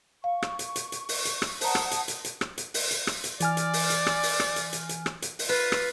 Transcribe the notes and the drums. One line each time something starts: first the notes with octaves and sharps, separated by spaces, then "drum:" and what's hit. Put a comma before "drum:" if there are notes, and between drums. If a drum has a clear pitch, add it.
F5 C#6
drum: rim click
drum: hi-hat
drum: hi-hat
drum: hi-hat
drum: open hi-hat
drum: hi-hat
drum: rim click
C5 F#5 A5 A#5 D#6, drum: open hi-hat
drum: rim click
drum: hi-hat
drum: hi-hat
drum: hi-hat
drum: rim click
drum: hi-hat
drum: open hi-hat
drum: hi-hat
drum: rim click
drum: hi-hat
E3 D5 G#5 F6, drum: hi-hat
drum: hi-hat
drum: open hi-hat
drum: hi-hat
drum: rim click
drum: open hi-hat
drum: rim click
drum: hi-hat
drum: hi-hat
drum: hi-hat
drum: rim click
drum: hi-hat
drum: open hi-hat
F4 B4
drum: rim click